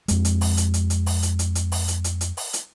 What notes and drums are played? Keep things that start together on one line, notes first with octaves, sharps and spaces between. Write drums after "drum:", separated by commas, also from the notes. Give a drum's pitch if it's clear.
F2 G#3, drum: hi-hat
drum: hi-hat
drum: open hi-hat
drum: hi-hat
drum: hi-hat
drum: hi-hat
drum: open hi-hat
drum: hi-hat
drum: hi-hat
drum: hi-hat
drum: open hi-hat
drum: hi-hat
drum: hi-hat
drum: hi-hat
drum: open hi-hat
drum: hi-hat